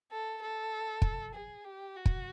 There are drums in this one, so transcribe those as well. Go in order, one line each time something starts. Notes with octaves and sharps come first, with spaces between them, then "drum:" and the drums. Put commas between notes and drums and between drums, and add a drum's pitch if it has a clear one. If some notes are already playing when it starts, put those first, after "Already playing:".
A4
A4
drum: kick
G#4
G4
F#4
drum: kick